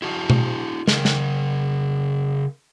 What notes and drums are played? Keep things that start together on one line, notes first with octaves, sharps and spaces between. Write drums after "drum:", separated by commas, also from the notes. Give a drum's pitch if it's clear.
E4 F#4 A5
drum: tom B2
C#3 A#4, drum: snare
drum: snare